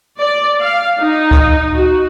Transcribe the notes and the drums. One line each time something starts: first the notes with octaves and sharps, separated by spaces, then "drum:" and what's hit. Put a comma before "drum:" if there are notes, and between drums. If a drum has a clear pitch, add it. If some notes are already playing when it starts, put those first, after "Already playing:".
D5
F5
D#4
drum: kick C#2
F#4